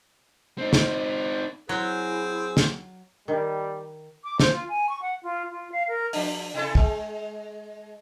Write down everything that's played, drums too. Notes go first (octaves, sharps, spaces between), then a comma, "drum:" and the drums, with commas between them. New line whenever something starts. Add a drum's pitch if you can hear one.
C4 D#4
drum: snare
F#3 C4 E4 G#4
drum: snare
D#3 G3
D6
C5, drum: snare
F4
G#5
C#6
F#5
F4
F4
F5
A#4
F3 D4, drum: open hi-hat
C3 E4 A4
G#3, drum: kick